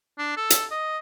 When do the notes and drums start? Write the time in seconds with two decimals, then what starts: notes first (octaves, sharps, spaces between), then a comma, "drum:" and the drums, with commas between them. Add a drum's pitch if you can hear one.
0.18 D4
0.37 A4
0.50 drum: hi-hat
0.71 D#5